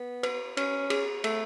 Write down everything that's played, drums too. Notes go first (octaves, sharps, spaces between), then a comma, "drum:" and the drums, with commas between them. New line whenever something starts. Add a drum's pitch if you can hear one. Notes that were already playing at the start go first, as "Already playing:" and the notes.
Already playing: B3
B4, drum: cymbal
C#4, drum: cymbal
G#4, drum: cymbal
A3, drum: cymbal